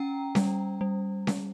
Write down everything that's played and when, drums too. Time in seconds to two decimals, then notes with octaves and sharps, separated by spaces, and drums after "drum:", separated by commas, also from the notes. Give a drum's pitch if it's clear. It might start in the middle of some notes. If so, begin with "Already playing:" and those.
Already playing: C#4 G5 A#5
0.35 G3, drum: snare C#4
0.81 G3
1.27 drum: snare C#4